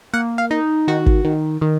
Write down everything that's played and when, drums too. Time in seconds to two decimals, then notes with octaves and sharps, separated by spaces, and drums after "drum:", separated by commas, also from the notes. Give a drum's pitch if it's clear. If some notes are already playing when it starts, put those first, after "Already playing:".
0.13 A#3 F#5
0.38 F5
0.51 D#4
0.88 D#3 F#4
1.06 drum: kick
1.25 D#3
1.61 D#3